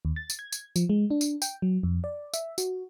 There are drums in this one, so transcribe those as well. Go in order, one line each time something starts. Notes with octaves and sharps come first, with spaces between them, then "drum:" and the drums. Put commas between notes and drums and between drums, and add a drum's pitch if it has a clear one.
D#2
A6
drum: tambourine
G#6
drum: tambourine
F3, drum: tambourine
G#3
D4
drum: tambourine
G5, drum: tambourine
F#3
F2
D5
E5, drum: tambourine
F#4, drum: tambourine